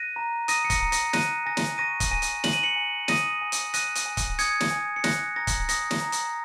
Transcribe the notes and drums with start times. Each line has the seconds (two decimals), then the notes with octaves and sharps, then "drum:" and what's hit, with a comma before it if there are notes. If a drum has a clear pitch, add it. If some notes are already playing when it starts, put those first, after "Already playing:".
Already playing: F#6 A#6 D#7
0.16 A#5
0.48 D#6 A#6 D#7, drum: hi-hat
0.64 C#7
0.70 A#6, drum: kick, hi-hat
0.80 A#5
0.92 A#6, drum: hi-hat
1.13 F#6 A#6 D#7, drum: snare
1.46 G#5 A#6
1.57 drum: snare
1.78 C#6 A#6 D#7
2.00 drum: kick, hi-hat
2.11 G#5 A#6 D#7
2.22 drum: hi-hat
2.44 F#6 F#7, drum: snare
2.53 D#7
2.63 C#7 F#7
2.76 G#5
3.08 D#6 A#6 D#7, drum: snare
3.42 G#5
3.52 drum: hi-hat
3.74 F#6 A#6 D#7, drum: hi-hat
3.95 drum: hi-hat
4.06 G#5
4.17 drum: kick, hi-hat
4.39 D#6 G#6 C#7, drum: hi-hat
4.60 drum: snare
4.71 G#5
4.96 C#7
5.04 F#6 A#6, drum: snare
5.36 A#5 A#6
5.47 drum: kick, hi-hat
5.69 D#6 A#6, drum: hi-hat
5.91 drum: snare
6.01 A#5
6.12 drum: hi-hat